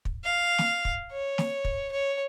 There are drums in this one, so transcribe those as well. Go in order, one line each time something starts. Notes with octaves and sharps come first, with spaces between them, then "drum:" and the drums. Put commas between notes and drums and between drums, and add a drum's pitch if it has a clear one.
drum: kick
F5
drum: snare
drum: kick
C#5
drum: snare
drum: kick
C#5